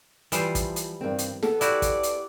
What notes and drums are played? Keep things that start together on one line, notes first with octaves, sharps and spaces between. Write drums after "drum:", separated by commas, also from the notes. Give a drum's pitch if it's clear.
E3 F3 G3 C5, drum: hi-hat
drum: kick, hi-hat
drum: hi-hat
G2 D#3 C4
drum: hi-hat
B3 A4, drum: snare
E4 F#4 G4 D5, drum: hi-hat
drum: kick, hi-hat
drum: hi-hat